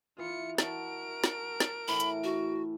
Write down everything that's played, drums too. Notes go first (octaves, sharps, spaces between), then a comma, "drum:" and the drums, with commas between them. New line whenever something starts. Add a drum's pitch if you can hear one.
E3 F4 C#7
F#4 A#4 D#5 A5 D7, drum: snare
drum: snare
drum: snare
A2 E3 A5 B5
drum: hi-hat
F#4 E5